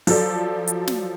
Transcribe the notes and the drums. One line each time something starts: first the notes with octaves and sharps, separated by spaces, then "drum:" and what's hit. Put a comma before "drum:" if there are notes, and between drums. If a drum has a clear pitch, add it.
F3 F#3 A4 D5, drum: open hi-hat
drum: hi-hat
drum: snare